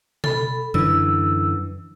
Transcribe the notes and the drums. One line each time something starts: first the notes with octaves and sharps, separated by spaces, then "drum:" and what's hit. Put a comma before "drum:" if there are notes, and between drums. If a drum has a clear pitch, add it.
A4 B5, drum: tom B2
F#2 D3 E3 E6